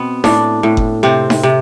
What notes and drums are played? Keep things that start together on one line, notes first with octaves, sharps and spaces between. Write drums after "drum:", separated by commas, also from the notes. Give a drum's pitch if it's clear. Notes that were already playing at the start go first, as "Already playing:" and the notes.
Already playing: B2 B3 C4
A2 D4, drum: snare D#4
A2
drum: kick F#1
C3 C4
drum: snare D#4
C3